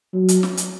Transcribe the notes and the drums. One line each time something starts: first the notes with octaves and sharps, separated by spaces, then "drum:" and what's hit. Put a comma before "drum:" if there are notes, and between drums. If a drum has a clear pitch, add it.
F#3
drum: hi-hat
drum: snare
drum: hi-hat